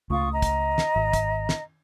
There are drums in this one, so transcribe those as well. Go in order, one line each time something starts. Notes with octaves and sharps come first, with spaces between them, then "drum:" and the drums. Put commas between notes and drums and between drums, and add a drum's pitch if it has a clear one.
C#2 C#3 A3 F4 C#6 D#6
D#5 A#5
drum: kick, hi-hat
drum: snare
G#1
drum: kick, hi-hat
drum: snare